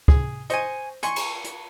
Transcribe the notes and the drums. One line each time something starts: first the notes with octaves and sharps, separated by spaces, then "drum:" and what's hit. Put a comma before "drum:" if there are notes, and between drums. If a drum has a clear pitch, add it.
G#4, drum: kick
C5 D#5 G#5 C#6, drum: hi-hat
G#5 C6 C#6, drum: hi-hat
drum: cymbal
drum: hi-hat